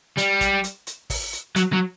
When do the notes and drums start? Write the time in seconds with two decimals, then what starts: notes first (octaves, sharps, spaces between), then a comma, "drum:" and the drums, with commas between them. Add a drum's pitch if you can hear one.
0.18 G3, drum: hi-hat
0.41 drum: kick, hi-hat
0.64 drum: hi-hat
0.87 drum: hi-hat
1.10 drum: kick, open hi-hat
1.33 drum: hi-hat
1.56 F#3, drum: hi-hat
1.73 F#3